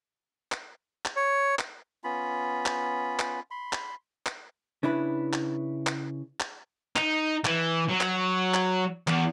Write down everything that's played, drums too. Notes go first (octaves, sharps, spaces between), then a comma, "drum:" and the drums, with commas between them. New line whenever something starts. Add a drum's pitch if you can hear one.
drum: clap
drum: clap
C#5
drum: clap
B3 C#4 F4 B5
drum: clap
drum: clap
B5 C6
drum: clap
drum: clap
C#3 D4 E4 B4
drum: clap
drum: clap
drum: clap
D#4, drum: clap
E3, drum: clap
F#3
drum: clap
drum: clap
E2, drum: clap